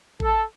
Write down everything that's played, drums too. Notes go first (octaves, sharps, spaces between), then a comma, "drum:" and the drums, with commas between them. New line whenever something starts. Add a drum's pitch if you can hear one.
A4, drum: kick A1